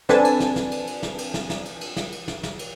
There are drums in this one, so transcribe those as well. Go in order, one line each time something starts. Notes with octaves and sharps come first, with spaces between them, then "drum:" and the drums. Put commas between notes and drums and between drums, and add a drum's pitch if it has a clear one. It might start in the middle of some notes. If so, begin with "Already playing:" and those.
C4 D4 A4 B4 G#5 A5, drum: snare
drum: cymbal
drum: snare
drum: snare
drum: cymbal
drum: cymbal
drum: snare
drum: cymbal
drum: snare
drum: snare
drum: cymbal
drum: cymbal
drum: snare
drum: cymbal
drum: snare
drum: snare
drum: cymbal